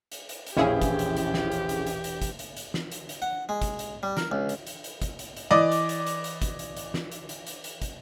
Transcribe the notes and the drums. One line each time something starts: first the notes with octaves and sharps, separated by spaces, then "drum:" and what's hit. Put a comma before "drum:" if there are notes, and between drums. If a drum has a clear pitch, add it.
drum: hi-hat
drum: hi-hat
drum: hi-hat
E1 A#1 C#4 E4 G4 G#4 F5 G#5
drum: kick, hi-hat
drum: hi-hat
drum: hi-hat
drum: snare
drum: hi-hat
drum: hi-hat
drum: hi-hat
drum: hi-hat
drum: kick, hi-hat
drum: hi-hat
drum: hi-hat
drum: snare
drum: hi-hat
drum: hi-hat
F#5
G#3
drum: kick, hi-hat
drum: hi-hat
G3
A#4, drum: snare
C#2
drum: hi-hat
drum: hi-hat
drum: hi-hat
drum: kick, hi-hat
drum: hi-hat
drum: hi-hat
E3 D5 D#5 D6
drum: hi-hat
drum: hi-hat
drum: hi-hat
drum: hi-hat
drum: kick, hi-hat
drum: hi-hat
drum: hi-hat
drum: snare
drum: hi-hat
drum: hi-hat
drum: hi-hat
drum: hi-hat
drum: kick, hi-hat